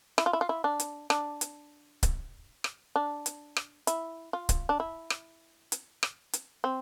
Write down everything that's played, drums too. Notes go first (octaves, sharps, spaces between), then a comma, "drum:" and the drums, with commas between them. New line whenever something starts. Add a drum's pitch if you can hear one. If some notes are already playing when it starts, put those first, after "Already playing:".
E4, drum: rim click
F4
E4
F4
E4
D4
drum: hi-hat
D4, drum: rim click
drum: hi-hat
drum: kick C#1, hi-hat
drum: rim click
D4
drum: hi-hat
drum: rim click
E4, drum: hi-hat
F4
drum: kick C#1, hi-hat
D4
E4
drum: rim click
drum: hi-hat
drum: rim click
drum: hi-hat
C4